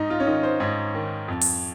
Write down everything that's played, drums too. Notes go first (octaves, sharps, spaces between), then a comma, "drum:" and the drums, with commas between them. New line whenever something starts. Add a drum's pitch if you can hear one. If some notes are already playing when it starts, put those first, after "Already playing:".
Already playing: G#2 D#4
F4
C#4
D#3 D#4
C5
G#2 C#5
D#3
F2
drum: open hi-hat